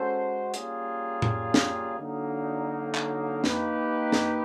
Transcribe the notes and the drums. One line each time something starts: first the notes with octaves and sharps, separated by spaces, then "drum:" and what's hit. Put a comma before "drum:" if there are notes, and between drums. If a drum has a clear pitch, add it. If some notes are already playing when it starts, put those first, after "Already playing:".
Already playing: G#3 C#4 F#4 A4 C5
G3 A#3 C#4 F4 G#4, drum: hi-hat
drum: tom A2
drum: snare
D3 F#3 A#3 D#4
drum: clap
A#3 D#4 G4 B4, drum: snare
drum: snare